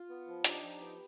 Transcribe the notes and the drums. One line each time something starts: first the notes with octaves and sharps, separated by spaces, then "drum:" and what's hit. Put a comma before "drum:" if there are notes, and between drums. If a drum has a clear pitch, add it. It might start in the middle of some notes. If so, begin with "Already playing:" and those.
Already playing: F4
B3
F3
D4 D#4 G4, drum: hi-hat
F3
B3